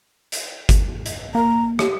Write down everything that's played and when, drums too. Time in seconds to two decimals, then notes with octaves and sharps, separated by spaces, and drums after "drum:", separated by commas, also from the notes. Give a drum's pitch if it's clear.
0.32 drum: hi-hat
0.69 drum: kick G1, hi-hat
1.06 drum: hi-hat
1.35 A#3 A#5
1.79 G4, drum: rim click